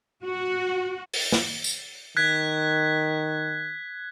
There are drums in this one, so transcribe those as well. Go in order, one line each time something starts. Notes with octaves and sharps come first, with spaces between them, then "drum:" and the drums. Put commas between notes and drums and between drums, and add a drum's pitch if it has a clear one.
F#4
drum: open hi-hat
drum: snare
drum: tambourine
D#3 F#6 G#6 B6